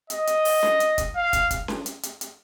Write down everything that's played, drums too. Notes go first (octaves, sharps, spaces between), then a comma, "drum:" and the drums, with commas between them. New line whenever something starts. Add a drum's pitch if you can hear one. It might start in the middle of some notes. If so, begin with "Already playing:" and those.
D#5, drum: hi-hat
drum: hi-hat
drum: open hi-hat
drum: snare C#4
drum: hi-hat
drum: kick, hi-hat
F5
drum: kick, hi-hat
drum: kick, hi-hat
drum: snare C#4
drum: hi-hat
drum: hi-hat
drum: hi-hat